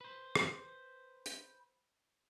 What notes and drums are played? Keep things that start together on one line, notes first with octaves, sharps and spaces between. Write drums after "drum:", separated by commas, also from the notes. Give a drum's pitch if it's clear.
B4 C5
drum: rim click
drum: hi-hat